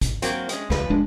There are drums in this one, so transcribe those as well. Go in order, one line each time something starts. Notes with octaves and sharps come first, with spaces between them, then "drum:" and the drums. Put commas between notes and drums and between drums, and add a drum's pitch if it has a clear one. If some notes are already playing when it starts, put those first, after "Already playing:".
drum: kick, hi-hat
F#3 A#3 C4, drum: hi-hat
G#3 C#4, drum: hi-hat
C#2 F3 B4, drum: snare
F1 G#3 D4